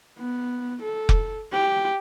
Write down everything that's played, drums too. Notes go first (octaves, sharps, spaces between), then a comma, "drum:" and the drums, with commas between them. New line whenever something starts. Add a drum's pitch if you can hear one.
B3
A4
drum: kick F1
G4